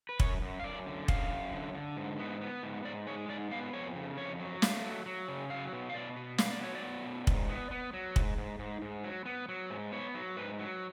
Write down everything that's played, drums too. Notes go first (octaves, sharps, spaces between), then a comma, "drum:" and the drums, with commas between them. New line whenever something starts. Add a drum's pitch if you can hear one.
B4
F#2 C#5, drum: kick
F#2
F5
F#2 D5
D3
F#2 F5, drum: kick
F#2
D3
D3
G#2
B3
B3
G#2
G#2 D5
G#3 C#5
G#2 D5
B3 F5
F2 C#5
C#3
F2 C#5
F#3
A3 F5, drum: snare
F#3
F#3
C#3
F#3 F5
B2
F5
B2 D5
B3
B3 F5, drum: snare
D5
F#3 C#5
D5
B3
B2
G#2, drum: kick
B3
B3
F#3
G#2, drum: kick
G#2
G#2
G#2
F#3
B3
F#3
G#2
B3 C#5
F#3
G#2 B4
F#3